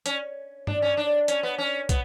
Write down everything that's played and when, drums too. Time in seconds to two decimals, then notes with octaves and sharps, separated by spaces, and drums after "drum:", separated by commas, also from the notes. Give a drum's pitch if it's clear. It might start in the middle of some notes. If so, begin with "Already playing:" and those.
0.06 C#4, drum: hi-hat
0.67 D4, drum: tom G2
0.82 C#4
0.97 D4
1.28 C#4, drum: hi-hat
1.43 B3
1.58 C#4
1.89 B3, drum: kick, hi-hat